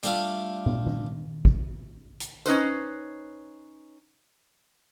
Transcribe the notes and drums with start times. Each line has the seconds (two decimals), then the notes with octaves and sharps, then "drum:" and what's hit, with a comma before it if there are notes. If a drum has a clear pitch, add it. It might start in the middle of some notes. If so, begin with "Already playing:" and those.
0.03 G3 A3 D4 F4 F5, drum: hi-hat
0.66 drum: tom
0.86 drum: tom
1.45 drum: kick
2.20 drum: hi-hat
2.46 C#4 D#4 B4 C5, drum: tambourine